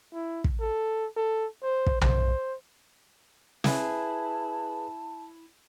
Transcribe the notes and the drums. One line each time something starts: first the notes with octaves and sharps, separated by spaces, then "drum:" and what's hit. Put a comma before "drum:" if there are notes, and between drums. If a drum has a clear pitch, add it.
E4
drum: kick
A4
A4
C5
drum: kick
C5, drum: tom B1
E4 G#4 B4 A5, drum: snare